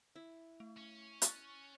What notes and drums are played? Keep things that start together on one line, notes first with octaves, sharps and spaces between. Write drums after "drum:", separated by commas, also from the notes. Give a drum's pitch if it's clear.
E4
A3
C#4
C#6 F#6 A6, drum: hi-hat